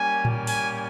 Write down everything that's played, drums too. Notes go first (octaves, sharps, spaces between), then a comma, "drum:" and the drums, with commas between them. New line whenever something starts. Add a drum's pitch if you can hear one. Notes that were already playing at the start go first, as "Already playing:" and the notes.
Already playing: G3 A#3 C#4 G4 G#5
drum: tom A2
G#5, drum: open hi-hat